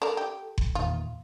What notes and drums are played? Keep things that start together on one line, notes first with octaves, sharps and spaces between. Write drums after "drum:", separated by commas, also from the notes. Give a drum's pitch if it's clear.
D4 A4 A#4
G4
drum: kick F#1
E2 A#2 D#3 F4